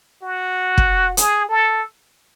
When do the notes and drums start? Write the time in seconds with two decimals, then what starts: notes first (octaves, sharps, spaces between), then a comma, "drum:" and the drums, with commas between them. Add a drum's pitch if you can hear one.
0.22 F#4
0.78 drum: kick
1.17 G#4, drum: hi-hat
1.49 A4